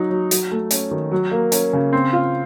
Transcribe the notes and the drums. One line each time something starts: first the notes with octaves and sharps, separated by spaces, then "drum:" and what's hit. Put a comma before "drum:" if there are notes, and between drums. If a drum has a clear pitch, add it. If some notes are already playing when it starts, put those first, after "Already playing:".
Already playing: F#3 D#4
F#3
F#3, drum: hi-hat
A3
C#4, drum: hi-hat
D#3
F#3
A#3
C#4, drum: hi-hat
C#3
C4
F4